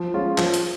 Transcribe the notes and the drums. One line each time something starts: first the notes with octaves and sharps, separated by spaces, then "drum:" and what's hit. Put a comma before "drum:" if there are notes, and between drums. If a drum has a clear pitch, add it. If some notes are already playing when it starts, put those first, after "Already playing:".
Already playing: F3
G#3 C#4 F4
F3, drum: clap
drum: hi-hat